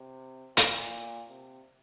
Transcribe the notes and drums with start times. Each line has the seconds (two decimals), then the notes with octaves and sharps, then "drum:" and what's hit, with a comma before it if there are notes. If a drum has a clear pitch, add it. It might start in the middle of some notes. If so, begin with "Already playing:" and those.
Already playing: C3
0.57 A#2, drum: hi-hat
1.29 C3